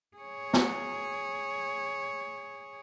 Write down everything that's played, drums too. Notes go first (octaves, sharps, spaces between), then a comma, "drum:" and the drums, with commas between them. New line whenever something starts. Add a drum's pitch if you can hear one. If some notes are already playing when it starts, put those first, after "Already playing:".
G#4 C#5
drum: snare